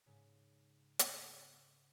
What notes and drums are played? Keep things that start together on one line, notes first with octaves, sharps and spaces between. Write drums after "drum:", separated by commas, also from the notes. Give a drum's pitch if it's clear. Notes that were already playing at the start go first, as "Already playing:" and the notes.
G#2 C#3
drum: hi-hat